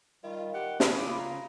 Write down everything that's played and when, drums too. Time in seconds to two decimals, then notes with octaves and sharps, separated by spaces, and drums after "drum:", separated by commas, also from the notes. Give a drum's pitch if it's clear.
0.24 D#3 G3 F4
0.54 G4 F#5
0.80 C#3 G#5 B5 D#6, drum: snare
0.98 F4 D6
1.18 A#5